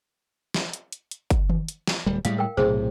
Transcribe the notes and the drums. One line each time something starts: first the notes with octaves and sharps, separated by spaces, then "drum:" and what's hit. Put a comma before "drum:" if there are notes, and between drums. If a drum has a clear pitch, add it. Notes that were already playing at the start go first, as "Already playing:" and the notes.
drum: snare
drum: hi-hat
drum: hi-hat
drum: hi-hat
drum: kick F#1, hi-hat
drum: tom D#3
drum: hi-hat
drum: snare
D1 G3
A2 G3 G#3 F5, drum: hi-hat
A#4 G5
B1 A2 C3 G#4 C5